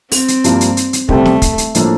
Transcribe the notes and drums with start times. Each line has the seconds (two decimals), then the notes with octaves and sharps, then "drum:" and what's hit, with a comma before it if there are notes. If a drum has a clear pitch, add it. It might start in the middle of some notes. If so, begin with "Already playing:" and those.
0.12 C4, drum: open hi-hat
0.28 drum: hi-hat
0.44 G2 F3 A#3, drum: hi-hat
0.61 drum: hi-hat
0.77 drum: hi-hat
0.93 drum: hi-hat
1.09 D2 C3 G3 A3 C4 G4, drum: kick
1.25 drum: snare
1.42 drum: kick, hi-hat
1.58 drum: hi-hat
1.75 A2 F3 A#3 D4 A4, drum: hi-hat